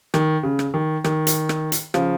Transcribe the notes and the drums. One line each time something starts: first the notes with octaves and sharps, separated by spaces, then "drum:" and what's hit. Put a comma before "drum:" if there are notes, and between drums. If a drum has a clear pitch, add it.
D#3, drum: rim click
C#3
drum: rim click
D#3
D#3, drum: rim click
drum: hi-hat
drum: rim click
drum: hi-hat
C#3 F3, drum: rim click